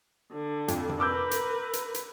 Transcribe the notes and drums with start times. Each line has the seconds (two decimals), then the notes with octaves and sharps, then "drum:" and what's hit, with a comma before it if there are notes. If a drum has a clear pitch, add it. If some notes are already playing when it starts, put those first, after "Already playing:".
0.32 D3
0.68 F2, drum: hi-hat
0.89 drum: tom C3
1.00 A#4 B4 D6 E6 G6
1.31 drum: hi-hat
1.73 drum: hi-hat
1.94 drum: hi-hat